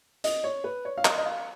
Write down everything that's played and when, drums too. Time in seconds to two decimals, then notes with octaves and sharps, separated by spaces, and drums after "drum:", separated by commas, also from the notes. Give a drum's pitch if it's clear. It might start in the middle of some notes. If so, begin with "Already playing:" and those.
0.24 D#5, drum: hi-hat
0.44 C#5
0.64 B4
0.85 C#5
0.97 F5
1.05 D#5, drum: clap
1.18 D#5
1.25 F5